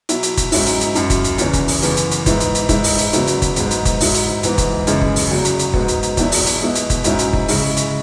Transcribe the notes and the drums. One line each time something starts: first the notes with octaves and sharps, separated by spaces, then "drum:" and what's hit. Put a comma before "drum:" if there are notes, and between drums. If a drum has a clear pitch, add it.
B2 F#3 E4, drum: hi-hat
drum: hi-hat
drum: kick F#1, hi-hat
G#2 F#3 C#4 E4, drum: open hi-hat
drum: hi-hat
drum: hi-hat
F#2 F#3 E4, drum: hi-hat
drum: kick F#1, hi-hat
drum: hi-hat
E2 C#3 E3 C#4, drum: hi-hat
drum: kick F#1, hi-hat
drum: open hi-hat
F#2 C#3 E3 B3, drum: hi-hat
drum: hi-hat
drum: hi-hat
G#2 E3 B3 E4, drum: kick F#1, hi-hat
drum: hi-hat
drum: hi-hat
G#2 G#3 E4, drum: kick F#1, hi-hat
drum: open hi-hat
drum: hi-hat
E2 C#3 F#3 B3 E4, drum: hi-hat
drum: hi-hat
drum: kick F#1, hi-hat
G#2 F#3 B3, drum: hi-hat
drum: hi-hat
drum: kick F#1, hi-hat
G#2 F#3 E4, drum: open hi-hat
drum: hi-hat
G#2 E3 B3, drum: hi-hat
drum: kick F#1, hi-hat
F#2 C#3 G#3 E4, drum: hi-hat
drum: kick F#1
drum: open hi-hat
E2 C#3 F#3
drum: hi-hat
drum: hi-hat
G#2 F#3 B3, drum: kick F#1
drum: hi-hat
drum: hi-hat
E2 B2 F#3 E4, drum: kick F#1, hi-hat
drum: open hi-hat
drum: hi-hat
B2 G#3 B3 E4
drum: hi-hat
drum: kick F#1, hi-hat
G#2 F#3 C#4 E4, drum: hi-hat
drum: hi-hat
drum: kick F#1
C#3 G#3 E4, drum: open hi-hat
drum: hi-hat